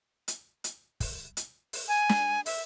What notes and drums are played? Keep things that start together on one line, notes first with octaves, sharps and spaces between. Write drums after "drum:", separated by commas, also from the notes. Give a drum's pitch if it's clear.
drum: hi-hat
drum: hi-hat
drum: kick, open hi-hat
drum: hi-hat
drum: open hi-hat
G#5
drum: snare
E5, drum: open hi-hat